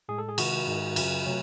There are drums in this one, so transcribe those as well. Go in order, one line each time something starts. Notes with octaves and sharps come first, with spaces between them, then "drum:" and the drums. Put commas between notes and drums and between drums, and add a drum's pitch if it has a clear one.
A2 G#3 G#4
A4
G#4
C3 D#3 G#3 F#4, drum: cymbal
G#2 D#3 G#3
F#2 C#3 F#3, drum: cymbal
C3 F#3 A3